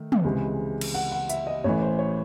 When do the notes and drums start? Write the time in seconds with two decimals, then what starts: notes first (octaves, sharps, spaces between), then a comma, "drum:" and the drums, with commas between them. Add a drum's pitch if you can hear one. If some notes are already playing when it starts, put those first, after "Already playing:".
Already playing: D#3 A3
0.12 drum: tom
0.25 C#2 C3 E3 G#3
0.81 drum: cymbal
0.94 F#5
1.12 F#5
1.29 E5, drum: hi-hat
1.47 D#5
1.64 A1 A2 E3 C#5
1.82 C5
1.99 C#5